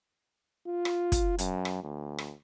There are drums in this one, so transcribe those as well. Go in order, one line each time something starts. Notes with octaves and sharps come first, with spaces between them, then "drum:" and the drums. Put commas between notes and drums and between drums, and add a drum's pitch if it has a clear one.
F4
drum: rim click
drum: kick, hi-hat
F#2, drum: hi-hat
drum: rim click
D2
drum: rim click